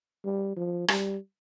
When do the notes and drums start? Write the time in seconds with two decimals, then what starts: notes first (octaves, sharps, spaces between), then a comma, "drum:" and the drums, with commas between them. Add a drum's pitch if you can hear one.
0.24 G3
0.57 F3
0.88 G3, drum: rim click